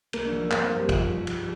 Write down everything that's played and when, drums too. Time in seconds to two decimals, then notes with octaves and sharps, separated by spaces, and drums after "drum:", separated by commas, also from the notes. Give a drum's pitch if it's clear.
0.13 C2 A#3 A#4, drum: cymbal
0.26 D4
0.32 F3
0.51 G2 A#3 A#4, drum: clap
0.61 C4 C5
0.70 G2 A#3 A#4
0.80 G3 G4
0.89 G2 F3 F4, drum: kick, cymbal
1.08 G2
1.27 C2, drum: cymbal